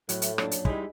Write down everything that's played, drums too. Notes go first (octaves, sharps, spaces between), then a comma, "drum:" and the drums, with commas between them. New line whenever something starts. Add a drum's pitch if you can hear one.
A2 F#3, drum: hi-hat
E5, drum: hi-hat
F#2 A#2 D4 C#5, drum: rim click
drum: hi-hat
G3 G#3 D#4 E4, drum: kick